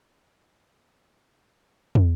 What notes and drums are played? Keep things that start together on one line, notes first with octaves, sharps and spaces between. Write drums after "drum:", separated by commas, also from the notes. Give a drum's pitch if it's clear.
C#3 A#3
F3 F#3 C#4 D#4 F4
drum: tom